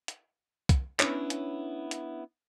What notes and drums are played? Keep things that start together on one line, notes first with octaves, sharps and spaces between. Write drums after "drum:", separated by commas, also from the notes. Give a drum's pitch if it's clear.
drum: hi-hat
drum: kick, hi-hat
B3 C#4 D4 E4 C#5, drum: clap
drum: hi-hat
drum: hi-hat